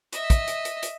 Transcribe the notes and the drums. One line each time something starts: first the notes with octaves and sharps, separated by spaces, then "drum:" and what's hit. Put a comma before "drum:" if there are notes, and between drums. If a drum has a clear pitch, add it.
D#5 E5, drum: hi-hat
drum: kick, hi-hat
drum: hi-hat
drum: hi-hat
drum: hi-hat